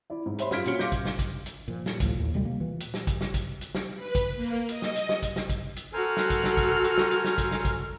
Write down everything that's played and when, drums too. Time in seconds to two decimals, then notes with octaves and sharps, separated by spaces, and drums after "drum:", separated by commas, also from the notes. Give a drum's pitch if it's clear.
0.10 E4 D5 E5
0.26 G#2
0.38 G4 C5 C#5 E5 B5 C6, drum: hi-hat
0.51 F#2 F4 F6 G#6 B6 D7, drum: snare
0.65 A#2 C#4 F#4 C6 C#7 G7, drum: hi-hat
0.79 F5 C6 D6 F6 G6, drum: snare
0.92 drum: kick, hi-hat
1.05 drum: snare
1.19 drum: kick, hi-hat
1.46 drum: hi-hat
1.68 A#2 F3
1.86 drum: snare
2.00 D2 A2 F3, drum: kick, hi-hat
2.19 D#2 A2
2.34 D2 C3 G3 G#3
2.45 A#3
2.60 A#2 E3
2.80 drum: hi-hat
2.94 drum: snare
3.07 drum: kick, hi-hat
3.21 drum: snare
3.34 drum: kick, hi-hat
3.61 drum: hi-hat
3.75 drum: snare
3.96 B4
4.15 drum: kick, hi-hat
4.36 A#3
4.69 D#5, drum: hi-hat
4.82 drum: snare
4.96 drum: hi-hat
5.09 drum: snare
5.23 drum: kick, hi-hat
5.36 drum: snare
5.49 drum: kick, hi-hat
5.76 drum: hi-hat
5.93 F#4 A4 A#4 C5 G#5 F6
6.17 drum: snare
6.30 drum: kick, hi-hat
6.44 drum: snare
6.57 drum: kick, hi-hat
6.84 drum: hi-hat
6.97 drum: snare
7.11 drum: hi-hat
7.24 drum: snare
7.38 drum: kick, hi-hat
7.51 drum: snare
7.65 drum: kick, hi-hat